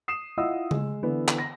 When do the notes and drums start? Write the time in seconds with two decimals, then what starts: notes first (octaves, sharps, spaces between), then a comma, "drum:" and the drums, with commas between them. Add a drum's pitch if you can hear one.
0.08 D#6 C7 E7
0.37 E4 F4 D#5 F#5 D#6 E6
0.71 G#3, drum: tom C#3
1.03 D3 E3 B3
1.28 drum: clap
1.38 A#6